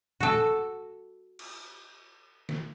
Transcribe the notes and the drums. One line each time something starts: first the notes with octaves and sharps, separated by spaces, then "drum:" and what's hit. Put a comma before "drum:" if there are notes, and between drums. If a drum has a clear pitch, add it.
F#4 A4, drum: tom A2
drum: cymbal
drum: snare